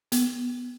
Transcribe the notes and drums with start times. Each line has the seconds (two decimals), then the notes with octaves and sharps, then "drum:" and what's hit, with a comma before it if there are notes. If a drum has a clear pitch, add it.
0.12 B3, drum: hi-hat